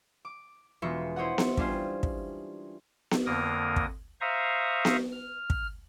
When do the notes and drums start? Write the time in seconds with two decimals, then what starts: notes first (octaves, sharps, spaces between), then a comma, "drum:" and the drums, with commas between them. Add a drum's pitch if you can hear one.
0.25 D6
0.82 E1 G#3 B3 F4 E5 C#6
1.16 E4 C5 C#5 D#5 F#5
1.38 drum: snare B3
1.57 G3 C#4 D4 F4 G#4 C5, drum: kick
2.03 drum: kick
3.11 drum: snare B3
3.26 F2 D3 A#3 A#4 D#6
3.76 drum: kick
4.21 C5 E5 F5 A#5 C#6 D#6
4.85 drum: snare B3
5.12 F6
5.50 drum: kick